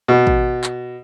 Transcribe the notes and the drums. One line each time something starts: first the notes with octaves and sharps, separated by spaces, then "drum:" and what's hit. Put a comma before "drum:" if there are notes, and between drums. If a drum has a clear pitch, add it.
B2
drum: kick
drum: clap